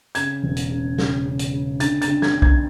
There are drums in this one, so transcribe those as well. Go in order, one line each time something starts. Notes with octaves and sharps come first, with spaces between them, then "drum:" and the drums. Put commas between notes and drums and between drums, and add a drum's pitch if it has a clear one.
C#3 G#6, drum: hi-hat
E1
drum: hi-hat
C#3
C#3, drum: snare
C#3
drum: hi-hat
C#3
D3 A6, drum: hi-hat
A6, drum: hi-hat
D3
G#6, drum: snare
D3
G#6, drum: kick B1